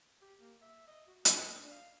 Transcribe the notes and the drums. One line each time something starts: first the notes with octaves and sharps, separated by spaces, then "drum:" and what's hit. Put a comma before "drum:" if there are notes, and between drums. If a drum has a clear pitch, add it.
G4
A#3
E5
D#5
F#4
A#3, drum: hi-hat
D#5
D4
F5